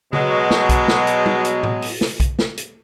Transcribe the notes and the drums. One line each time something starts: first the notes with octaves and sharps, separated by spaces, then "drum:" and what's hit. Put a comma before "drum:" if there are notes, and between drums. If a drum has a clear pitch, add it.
B2 F#3 G#3, drum: tom C#3
drum: snare
drum: kick B1, hi-hat
drum: snare
drum: hi-hat
drum: tom
drum: hi-hat
drum: tom A2
drum: open hi-hat
drum: snare
drum: kick B1, hi-hat
drum: snare
drum: hi-hat